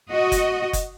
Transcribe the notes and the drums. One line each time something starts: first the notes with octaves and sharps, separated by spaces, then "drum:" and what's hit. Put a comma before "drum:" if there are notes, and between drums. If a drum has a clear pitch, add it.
F#4 D#5
drum: kick F#1, hi-hat
drum: kick F#1, hi-hat